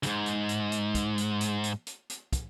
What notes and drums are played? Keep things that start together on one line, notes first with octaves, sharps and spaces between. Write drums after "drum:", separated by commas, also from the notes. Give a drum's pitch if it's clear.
D2 G#2, drum: hi-hat
drum: hi-hat
drum: hi-hat
drum: hi-hat
drum: kick, hi-hat
drum: hi-hat
drum: hi-hat
drum: hi-hat
drum: hi-hat
drum: hi-hat
drum: kick, hi-hat